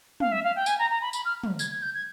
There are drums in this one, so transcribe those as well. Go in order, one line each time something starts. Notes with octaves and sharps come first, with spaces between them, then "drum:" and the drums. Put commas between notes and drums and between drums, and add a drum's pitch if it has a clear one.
F5, drum: tom
E5
F5
G5
G#5, drum: tambourine
A#5
A#5
B5
B5, drum: tambourine
F6
drum: tom
G#6, drum: tambourine
G#6
G6
G#6